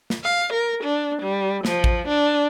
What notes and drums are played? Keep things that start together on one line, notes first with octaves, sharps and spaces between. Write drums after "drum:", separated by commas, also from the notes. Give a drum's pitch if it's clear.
drum: snare
F5
A#4
D4
G3
F3, drum: snare
drum: kick A1
D4